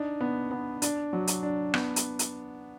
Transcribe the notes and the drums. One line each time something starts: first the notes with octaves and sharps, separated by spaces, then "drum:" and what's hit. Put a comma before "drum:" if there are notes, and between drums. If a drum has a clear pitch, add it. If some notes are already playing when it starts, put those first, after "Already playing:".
Already playing: D4 D#4
B3
B3
D4, drum: hi-hat
F#3
drum: hi-hat
D4
B3, drum: rim click
drum: hi-hat
drum: hi-hat